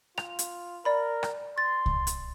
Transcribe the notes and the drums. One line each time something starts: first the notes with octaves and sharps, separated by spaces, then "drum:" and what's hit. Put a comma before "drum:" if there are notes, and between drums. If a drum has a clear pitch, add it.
F4 F7, drum: rim click
drum: hi-hat
A#4 D5 B5
drum: rim click
C6 A6
drum: kick C2
drum: hi-hat